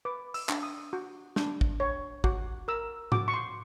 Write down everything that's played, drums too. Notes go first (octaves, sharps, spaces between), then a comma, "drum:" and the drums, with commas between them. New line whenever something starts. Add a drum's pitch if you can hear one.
B4 D6
E6, drum: open hi-hat
D4, drum: clap
D#6
F#4
D4, drum: snare
drum: kick
C#5
F#4, drum: kick
A#4 E6
F#4 D6, drum: tom G#2
C#6
C6